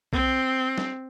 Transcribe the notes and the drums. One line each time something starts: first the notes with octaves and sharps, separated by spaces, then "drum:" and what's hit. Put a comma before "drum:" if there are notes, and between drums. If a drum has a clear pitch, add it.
C4, drum: kick
drum: snare